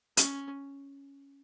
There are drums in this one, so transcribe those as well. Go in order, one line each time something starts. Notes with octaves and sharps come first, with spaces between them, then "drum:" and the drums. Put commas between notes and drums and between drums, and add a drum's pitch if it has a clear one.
C#4, drum: hi-hat